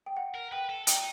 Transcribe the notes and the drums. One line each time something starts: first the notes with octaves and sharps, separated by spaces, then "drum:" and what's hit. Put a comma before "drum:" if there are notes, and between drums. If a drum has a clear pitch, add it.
G5
F#5
A#4
B4 G5
A4
D#4 G5, drum: hi-hat